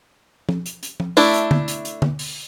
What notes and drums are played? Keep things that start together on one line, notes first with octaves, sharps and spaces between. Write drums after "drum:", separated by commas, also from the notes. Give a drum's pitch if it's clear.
drum: tom
drum: hi-hat
drum: hi-hat
drum: tom
A3 D4 E4, drum: open hi-hat
drum: hi-hat
drum: tom D3
drum: hi-hat
drum: hi-hat
drum: tom D3
drum: open hi-hat